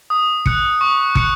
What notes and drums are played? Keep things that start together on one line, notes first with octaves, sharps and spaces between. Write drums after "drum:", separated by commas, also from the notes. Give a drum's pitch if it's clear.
D#6
F#6 C#7, drum: kick
C#6
F#6 C#7, drum: kick